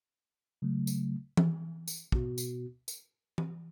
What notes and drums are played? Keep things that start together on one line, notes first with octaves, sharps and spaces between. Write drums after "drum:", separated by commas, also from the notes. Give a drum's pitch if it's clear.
C#3 F#3 A3
drum: tambourine
drum: tom E3
drum: tambourine
B2 B3 F#4, drum: kick
drum: tambourine
drum: tambourine
drum: tom E3